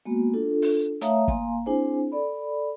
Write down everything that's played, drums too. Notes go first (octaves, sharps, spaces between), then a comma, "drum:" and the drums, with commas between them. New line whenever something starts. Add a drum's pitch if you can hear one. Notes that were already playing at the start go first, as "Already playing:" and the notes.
G#3 A#3 B3 F#4
D4 F4 A4
drum: open hi-hat
A3 C#5 E5 F5 A#5 D#6, drum: hi-hat
A#3 F5 G#5 A#5 C6, drum: kick
C4 D4 E4 G#4 C5 G#5
A4 D5 B5